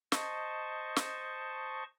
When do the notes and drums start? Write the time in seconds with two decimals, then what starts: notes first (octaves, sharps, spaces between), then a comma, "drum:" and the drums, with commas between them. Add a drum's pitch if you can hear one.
0.12 C5 D#5 A5 C#6, drum: snare
0.96 drum: snare